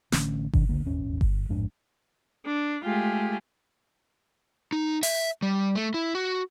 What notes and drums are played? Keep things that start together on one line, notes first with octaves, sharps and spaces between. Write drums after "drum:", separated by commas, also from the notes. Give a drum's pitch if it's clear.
A1 D3 A3 C#4, drum: snare
B2 D#3 D4, drum: kick G1
C#2 D3 A#3
D#1 G#1 E2 C#4
G1, drum: kick G1
A1 F2 G#2 D4
D4
G#3 A3 F4 G4 G#4
D#4
E5, drum: open hi-hat
G3
A3
E4
F#4